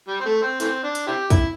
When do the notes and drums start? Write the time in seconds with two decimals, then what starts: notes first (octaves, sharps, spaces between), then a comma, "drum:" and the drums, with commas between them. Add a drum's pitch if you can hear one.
0.08 G3
0.20 C4
0.26 A3
0.42 C4
0.60 E3 A3 C4, drum: hi-hat
0.84 D4
0.95 drum: hi-hat
1.07 C4 E4 G4
1.30 E4, drum: kick, hi-hat